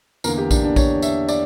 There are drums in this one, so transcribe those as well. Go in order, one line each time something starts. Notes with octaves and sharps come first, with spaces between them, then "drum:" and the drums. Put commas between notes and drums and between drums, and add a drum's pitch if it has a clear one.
E2 D3 A#3 A#4, drum: tambourine
G4
D4, drum: kick A#1, tambourine
D4
C#5, drum: kick A#1, tambourine
E5, drum: tambourine
D5, drum: tambourine